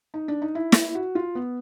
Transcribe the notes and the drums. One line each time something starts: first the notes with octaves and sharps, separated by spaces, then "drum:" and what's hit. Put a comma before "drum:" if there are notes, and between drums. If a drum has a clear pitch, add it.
D#4
D4
D#4
E4
drum: snare
F#4
F4
B3